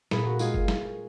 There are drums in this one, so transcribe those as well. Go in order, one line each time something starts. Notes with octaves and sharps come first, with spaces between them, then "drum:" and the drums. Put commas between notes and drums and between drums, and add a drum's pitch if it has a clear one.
A#2 G#4 B4, drum: snare
F#4 A#4
G#3 F4 G#4, drum: tambourine
drum: kick F#1
drum: snare